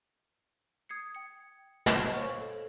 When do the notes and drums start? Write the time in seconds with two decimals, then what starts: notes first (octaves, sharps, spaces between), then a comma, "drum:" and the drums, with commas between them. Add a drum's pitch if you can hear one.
0.89 D#6 G#6 C7 C#7
1.15 G5 C#7
1.86 E6 F6 G#6, drum: snare
2.13 C5 C#5 F5 C#6 F6
2.40 A4